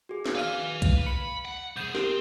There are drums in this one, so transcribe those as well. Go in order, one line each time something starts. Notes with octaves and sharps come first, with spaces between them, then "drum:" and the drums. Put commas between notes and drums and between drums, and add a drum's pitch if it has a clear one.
F#4 G#4
drum: snare
B4 D5 F5 G#5 F6
drum: kick B1, hi-hat
B5 C#7
F#5
C2 G#4 G6 D#7 E7
C4 G4 A#4, drum: snare